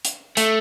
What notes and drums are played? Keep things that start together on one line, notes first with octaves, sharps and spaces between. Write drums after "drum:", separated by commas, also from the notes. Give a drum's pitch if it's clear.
drum: hi-hat
A3, drum: hi-hat